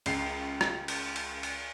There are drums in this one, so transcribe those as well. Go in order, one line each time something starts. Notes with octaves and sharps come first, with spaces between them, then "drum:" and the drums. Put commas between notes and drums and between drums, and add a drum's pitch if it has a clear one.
C#2 C7, drum: cymbal
drum: rim click
drum: cymbal
drum: cymbal
drum: cymbal